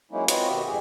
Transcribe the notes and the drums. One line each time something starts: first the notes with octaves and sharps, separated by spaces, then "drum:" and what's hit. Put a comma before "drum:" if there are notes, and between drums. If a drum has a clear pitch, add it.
F#3 G#3 A#3 C#4 D#4 E4
C4 F4 F#4 B4 C#5 D#5, drum: hi-hat
B2 D#3 F#4 G4 D#5 E5
F2 G#2 G4 G#4